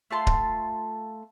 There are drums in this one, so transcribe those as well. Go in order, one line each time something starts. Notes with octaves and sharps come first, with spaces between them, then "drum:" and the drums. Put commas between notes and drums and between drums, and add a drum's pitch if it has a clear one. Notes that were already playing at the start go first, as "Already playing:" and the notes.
A3 F4 A5 C6
drum: kick D1